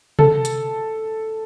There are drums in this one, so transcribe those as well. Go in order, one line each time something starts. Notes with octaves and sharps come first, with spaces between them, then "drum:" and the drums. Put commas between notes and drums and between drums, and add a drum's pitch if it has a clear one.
A4, drum: tom C3
drum: hi-hat